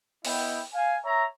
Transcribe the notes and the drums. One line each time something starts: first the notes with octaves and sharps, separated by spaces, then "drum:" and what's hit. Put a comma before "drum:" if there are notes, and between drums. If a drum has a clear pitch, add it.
B3 E4 D#5 G5, drum: open hi-hat
F5 G#5
C#5 E5 A#5